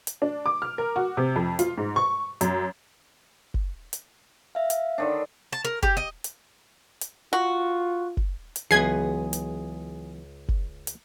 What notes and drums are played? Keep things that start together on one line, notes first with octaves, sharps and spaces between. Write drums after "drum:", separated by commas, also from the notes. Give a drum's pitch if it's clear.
drum: hi-hat
D4
D6
F6
A#4
F#4
C3
F2
F4, drum: hi-hat
G#2
C#6
F#2, drum: hi-hat
drum: kick F#1
drum: hi-hat
E5 F5
drum: hi-hat
D3 D#3 D4
A5
A#4
G4, drum: kick F#1
D#5
drum: hi-hat
drum: hi-hat
F4 F#4
drum: kick F#1
drum: hi-hat
C#2 E3 F#3 B3 G#4 B4 G#6 C7
drum: hi-hat
drum: kick F#1
drum: hi-hat